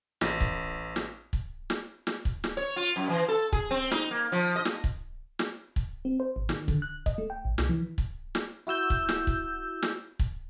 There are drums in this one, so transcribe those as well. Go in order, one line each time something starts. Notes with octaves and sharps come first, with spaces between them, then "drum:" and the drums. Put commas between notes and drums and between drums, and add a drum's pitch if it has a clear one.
A1, drum: snare
drum: kick
drum: snare
drum: kick
drum: snare
drum: snare
drum: kick
drum: snare
C#5
F4
F#2
E3
A4
G#4, drum: kick
C4
D#4, drum: snare
A#3
F3
D#5
drum: snare
drum: kick
drum: snare
drum: kick
C4
C5
G#1
D#3, drum: snare
D3, drum: kick
F#6
D#5, drum: kick
A3
G5
A1
C2, drum: snare
E3
drum: kick
drum: snare
E4 F#4 E6 G6
drum: kick
drum: snare
drum: kick
drum: snare
drum: kick